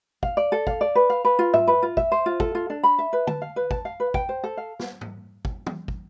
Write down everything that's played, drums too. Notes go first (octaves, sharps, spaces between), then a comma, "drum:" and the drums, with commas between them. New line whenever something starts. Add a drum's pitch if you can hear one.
F5, drum: kick
D5
A4
F5, drum: kick
D5
B4
F5
B4
F4
E5, drum: tom G#2
B4
F4
E5, drum: kick
C5
F4
A4, drum: kick
F4
D4
B5
E5
B4
A5, drum: tom
F5
B4
A5, drum: kick
F5
B4
G5, drum: kick
C5
A4
F5
drum: snare
drum: tom G#2
drum: kick
drum: tom
drum: kick